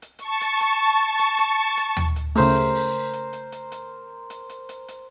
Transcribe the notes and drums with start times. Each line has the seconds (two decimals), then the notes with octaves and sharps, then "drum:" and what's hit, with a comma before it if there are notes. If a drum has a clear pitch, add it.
0.02 drum: hi-hat
0.19 A5 C#6, drum: hi-hat
0.41 drum: hi-hat
0.60 drum: hi-hat
1.19 drum: hi-hat
1.38 drum: hi-hat
1.77 drum: hi-hat
1.97 drum: tom
2.16 drum: hi-hat
2.35 C#3 A3 A#4 C5, drum: open hi-hat
2.55 drum: hi-hat
2.74 drum: open hi-hat
3.13 drum: hi-hat
3.33 drum: hi-hat
3.52 drum: hi-hat
3.72 drum: hi-hat
4.30 drum: hi-hat
4.49 drum: hi-hat
4.69 drum: hi-hat
4.88 drum: hi-hat